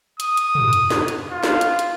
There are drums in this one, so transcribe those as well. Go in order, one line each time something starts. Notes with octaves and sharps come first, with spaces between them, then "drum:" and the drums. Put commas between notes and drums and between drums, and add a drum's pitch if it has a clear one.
D#6, drum: hi-hat
drum: hi-hat
drum: tom
drum: hi-hat
drum: snare
drum: hi-hat
F4
drum: snare
drum: hi-hat
drum: hi-hat